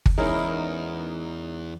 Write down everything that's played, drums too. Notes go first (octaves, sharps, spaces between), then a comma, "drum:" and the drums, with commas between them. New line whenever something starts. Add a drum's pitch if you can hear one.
drum: kick G1
E2 G#3 C#4 D#4 E4 A#4